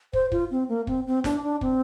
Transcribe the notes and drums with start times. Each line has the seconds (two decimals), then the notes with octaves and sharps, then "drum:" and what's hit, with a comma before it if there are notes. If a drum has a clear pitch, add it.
0.13 C5, drum: kick
0.32 F4, drum: kick
0.51 C4
0.69 A#3
0.87 C4, drum: kick
1.07 C4
1.24 D4, drum: snare
1.43 D4
1.61 C4, drum: kick